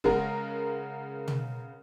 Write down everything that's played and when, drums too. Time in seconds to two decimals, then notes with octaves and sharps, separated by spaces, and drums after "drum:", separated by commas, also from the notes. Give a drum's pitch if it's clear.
0.04 C#3 G#3 B3 A#4, drum: kick
1.28 drum: tom